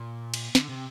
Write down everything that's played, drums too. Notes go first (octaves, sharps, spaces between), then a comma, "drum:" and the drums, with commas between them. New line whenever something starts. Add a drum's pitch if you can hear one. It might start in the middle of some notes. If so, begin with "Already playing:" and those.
Already playing: A#2
drum: cymbal
D3, drum: snare
C3